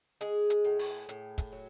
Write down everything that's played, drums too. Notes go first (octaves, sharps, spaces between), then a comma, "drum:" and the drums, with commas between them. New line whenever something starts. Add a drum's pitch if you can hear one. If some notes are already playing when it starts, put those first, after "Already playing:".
G#3 G#4, drum: hi-hat
drum: hi-hat
A2
drum: open hi-hat
A2, drum: hi-hat
drum: kick, hi-hat
F#3